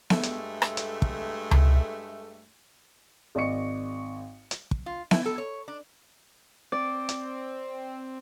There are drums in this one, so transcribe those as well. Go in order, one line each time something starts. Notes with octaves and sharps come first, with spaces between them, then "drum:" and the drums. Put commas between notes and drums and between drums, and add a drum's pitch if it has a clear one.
G2 G#3 A3, drum: snare B3
drum: hi-hat
drum: rim click
drum: hi-hat
drum: kick
drum: tom C#2
G#1 D5 D#5 C#6 C#7
drum: hi-hat
drum: kick
F4
E4, drum: snare B3
A4
C#5
D4
C4 D5
drum: hi-hat